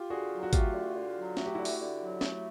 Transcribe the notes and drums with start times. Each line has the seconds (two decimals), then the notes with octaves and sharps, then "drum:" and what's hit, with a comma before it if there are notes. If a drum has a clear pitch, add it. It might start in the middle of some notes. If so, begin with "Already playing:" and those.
Already playing: F4 G4
0.10 D3 F#4 G#4
0.32 F#3
0.43 F#4
0.53 A3 F4 G4, drum: kick G#1, hi-hat
0.74 D3
0.96 D3
1.16 F#3
1.37 A3 F#4, drum: snare
1.46 G4
1.55 D3 E4 F#4
1.65 drum: open hi-hat
1.79 D3
2.00 F#3
2.21 A3, drum: snare